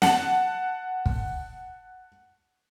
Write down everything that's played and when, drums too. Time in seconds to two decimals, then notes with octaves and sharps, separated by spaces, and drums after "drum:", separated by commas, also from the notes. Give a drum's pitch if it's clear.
0.02 F#5 A5, drum: snare
1.06 drum: kick